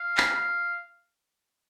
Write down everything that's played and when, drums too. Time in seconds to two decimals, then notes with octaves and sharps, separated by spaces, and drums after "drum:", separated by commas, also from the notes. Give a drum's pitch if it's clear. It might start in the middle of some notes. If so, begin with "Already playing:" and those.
Already playing: F5
0.17 drum: clap